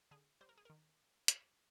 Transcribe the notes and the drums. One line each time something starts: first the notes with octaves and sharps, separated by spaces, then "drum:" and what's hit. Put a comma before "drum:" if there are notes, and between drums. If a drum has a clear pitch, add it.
D3 G#4
G3 C5
A#4
G#4
D#3 A#4
drum: hi-hat